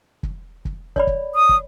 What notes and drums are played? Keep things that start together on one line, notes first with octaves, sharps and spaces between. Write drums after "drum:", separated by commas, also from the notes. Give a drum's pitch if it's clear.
drum: kick
drum: kick
C#5 D5 B5, drum: kick
drum: kick
D#6
drum: kick